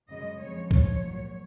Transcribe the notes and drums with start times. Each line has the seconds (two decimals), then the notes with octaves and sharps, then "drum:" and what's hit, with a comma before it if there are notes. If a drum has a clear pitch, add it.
0.08 F#2 C#3 G#3 D#5
0.39 F2 C#3 G#3 C#5
0.71 G#2 F3 G#3 C#5, drum: kick B1
1.02 A#2 F#3